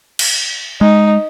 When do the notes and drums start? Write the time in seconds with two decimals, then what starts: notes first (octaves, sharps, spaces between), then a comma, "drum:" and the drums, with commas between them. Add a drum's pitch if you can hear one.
0.19 drum: cymbal
0.81 G#3 D#4